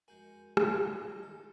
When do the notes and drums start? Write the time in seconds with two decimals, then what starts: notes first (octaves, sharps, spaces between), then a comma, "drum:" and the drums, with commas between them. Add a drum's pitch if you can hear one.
0.08 F2 G#3 F#4 A#4 G#5 G6
0.57 G2 C3 E3 F3 B3 D#5, drum: rim click
0.77 D#4 F4 A4
1.23 D#3 E4 A4